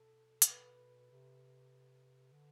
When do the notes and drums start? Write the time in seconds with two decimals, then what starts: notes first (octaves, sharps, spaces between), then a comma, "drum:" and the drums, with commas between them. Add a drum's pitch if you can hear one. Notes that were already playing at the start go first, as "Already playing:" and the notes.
Already playing: B2 A4
0.42 drum: hi-hat
0.51 B4
1.11 C3
2.32 D3